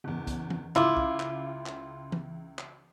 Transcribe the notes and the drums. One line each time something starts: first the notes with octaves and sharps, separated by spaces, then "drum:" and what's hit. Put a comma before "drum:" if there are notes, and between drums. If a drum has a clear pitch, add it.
F#1 E2
drum: kick, hi-hat
drum: tom E3
C#2 E4 F4 F5 D6, drum: clap
drum: kick
drum: clap
drum: clap
drum: tom E3
drum: clap